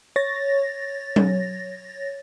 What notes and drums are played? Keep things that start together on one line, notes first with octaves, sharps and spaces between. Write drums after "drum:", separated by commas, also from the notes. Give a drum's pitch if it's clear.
C#5 A6 A#6
drum: tom F#3